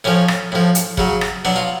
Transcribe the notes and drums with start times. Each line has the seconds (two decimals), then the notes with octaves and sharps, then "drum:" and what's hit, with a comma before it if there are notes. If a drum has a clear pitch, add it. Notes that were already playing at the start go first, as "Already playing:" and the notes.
0.04 A2 F3 C#4
0.28 drum: rim click
0.52 A2 F3
0.75 drum: hi-hat
0.97 C#3 F#3, drum: kick
1.21 drum: rim click
1.45 B2 F#3 D4
1.56 F4